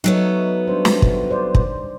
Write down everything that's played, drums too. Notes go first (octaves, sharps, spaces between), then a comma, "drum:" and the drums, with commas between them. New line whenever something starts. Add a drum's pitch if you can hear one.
F#3 A3 B3 D#4 C#5
G3 D4 C5
drum: snare
drum: kick
C5 D5
drum: kick